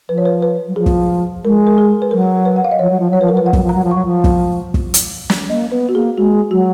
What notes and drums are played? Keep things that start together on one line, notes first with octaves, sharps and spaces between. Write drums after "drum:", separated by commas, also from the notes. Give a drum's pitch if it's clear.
F3 B4
C#5
B4
B4
F#3
F3 G#4
drum: kick
G#3 A#4
A#4
G#4
B4
F#3 A#4
B4
F#5
F5
D#5
F3 C#5
F#3
F3
F#3 C#5
F3 B4
A#4
F#3 B4
F3 F#5
F#3, drum: kick
F3
A#5
F#3
F3
F#3 C#6
F3
drum: kick
drum: kick
drum: hi-hat
drum: snare
A#3 D#5
B3 B4
F#4
A#3 G#4
G#3 F#4
F#3 F#4